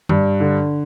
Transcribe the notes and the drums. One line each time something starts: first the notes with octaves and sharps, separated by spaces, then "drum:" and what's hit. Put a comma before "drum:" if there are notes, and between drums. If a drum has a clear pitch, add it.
G2, drum: tom D3
D3